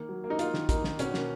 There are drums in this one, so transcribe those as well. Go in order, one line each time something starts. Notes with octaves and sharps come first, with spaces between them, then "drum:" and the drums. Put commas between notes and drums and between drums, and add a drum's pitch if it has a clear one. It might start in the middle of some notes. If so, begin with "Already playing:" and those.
Already playing: D#3 A#3
F#3
A#3
D#4
A#3 F4, drum: hi-hat
D#3, drum: snare
A#3 D#4, drum: kick, hi-hat
D#3, drum: snare
B2 C#4, drum: hi-hat
A#3, drum: snare